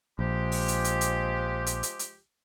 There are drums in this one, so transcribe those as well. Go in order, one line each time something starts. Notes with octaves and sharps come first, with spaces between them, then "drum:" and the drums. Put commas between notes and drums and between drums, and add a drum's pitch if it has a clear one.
A#1 F3 G#3 G4
drum: open hi-hat
drum: hi-hat
drum: hi-hat
drum: hi-hat
drum: hi-hat
drum: hi-hat
drum: hi-hat